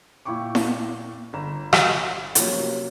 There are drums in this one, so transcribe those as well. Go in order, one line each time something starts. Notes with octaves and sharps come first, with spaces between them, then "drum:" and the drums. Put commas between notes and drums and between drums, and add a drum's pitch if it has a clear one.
A#2 E4 G5 C#6 D6
drum: snare E4
G1 A#5 E7
drum: rim click
C3 F3 F#3 A#3 C#4, drum: hi-hat